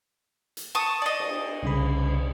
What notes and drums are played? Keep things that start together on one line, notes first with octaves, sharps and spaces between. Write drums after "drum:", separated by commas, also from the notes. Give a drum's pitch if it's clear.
drum: hi-hat
A5 C#6 D#6
D5 D#5
drum: cymbal
C2 C#3 B5